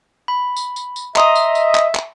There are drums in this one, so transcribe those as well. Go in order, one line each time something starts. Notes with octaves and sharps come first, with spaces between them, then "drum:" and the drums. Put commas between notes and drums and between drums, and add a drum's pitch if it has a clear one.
B5
drum: tambourine
drum: tambourine
drum: tambourine
D#5 E5 A#5 C6 D#6, drum: clap
drum: tambourine
drum: tambourine
drum: clap
drum: clap